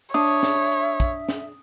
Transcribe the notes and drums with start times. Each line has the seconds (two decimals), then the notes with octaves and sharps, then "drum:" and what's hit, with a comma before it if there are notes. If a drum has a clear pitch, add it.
0.14 D4 C#5 E5 D#6, drum: hi-hat
0.43 drum: snare
0.71 drum: hi-hat
1.00 drum: kick, hi-hat
1.29 drum: snare